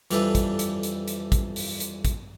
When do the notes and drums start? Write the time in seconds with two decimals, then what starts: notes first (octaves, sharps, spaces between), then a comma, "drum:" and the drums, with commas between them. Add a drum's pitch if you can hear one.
0.11 F2 E3 G3 D4 A4 B4, drum: hi-hat
0.35 drum: kick, hi-hat
0.59 drum: hi-hat
0.83 drum: hi-hat
1.08 drum: hi-hat
1.32 drum: kick, hi-hat
1.56 drum: open hi-hat
1.80 drum: hi-hat
2.05 drum: kick, hi-hat